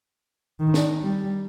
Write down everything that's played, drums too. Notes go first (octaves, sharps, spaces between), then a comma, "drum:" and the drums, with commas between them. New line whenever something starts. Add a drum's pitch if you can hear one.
D#3
drum: snare
G3